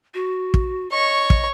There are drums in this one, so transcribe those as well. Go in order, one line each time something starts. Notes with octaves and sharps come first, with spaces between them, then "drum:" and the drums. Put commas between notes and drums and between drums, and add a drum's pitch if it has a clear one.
F#4
drum: kick
C#5 D#5 C#6
drum: kick